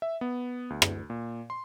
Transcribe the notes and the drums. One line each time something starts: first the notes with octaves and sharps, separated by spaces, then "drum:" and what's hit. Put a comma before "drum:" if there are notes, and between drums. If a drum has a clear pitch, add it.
E5
B3
D2
drum: rim click
A#2
C6